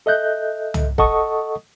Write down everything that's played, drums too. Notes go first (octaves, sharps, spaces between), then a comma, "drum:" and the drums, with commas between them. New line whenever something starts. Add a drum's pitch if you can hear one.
A4 D#5 E5 F#6 G6
drum: tom
A4 D#5 F#5 A5 C#6 D#6, drum: kick